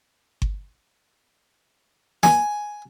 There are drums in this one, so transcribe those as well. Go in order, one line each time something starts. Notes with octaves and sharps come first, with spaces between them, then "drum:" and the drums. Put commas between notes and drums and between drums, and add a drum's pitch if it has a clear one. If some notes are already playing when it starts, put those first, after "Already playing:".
drum: kick G1
G#5, drum: snare